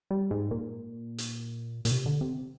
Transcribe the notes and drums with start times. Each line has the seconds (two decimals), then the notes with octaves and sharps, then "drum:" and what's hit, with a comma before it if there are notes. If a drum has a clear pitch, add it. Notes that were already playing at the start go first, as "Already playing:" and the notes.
0.11 G3
0.31 G#2
0.51 A#2
1.18 drum: hi-hat
1.85 A#2, drum: hi-hat
1.91 C3
2.06 D3
2.21 C3